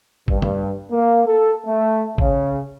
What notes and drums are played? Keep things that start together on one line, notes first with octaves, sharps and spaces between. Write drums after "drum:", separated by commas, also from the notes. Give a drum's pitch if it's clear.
G2, drum: kick G#1
drum: tom
A#3
A4
A3
C#3, drum: kick G#1